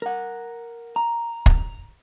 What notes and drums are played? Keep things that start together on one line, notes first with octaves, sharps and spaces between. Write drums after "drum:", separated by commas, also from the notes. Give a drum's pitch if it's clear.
A#4 F#5
A#5
drum: kick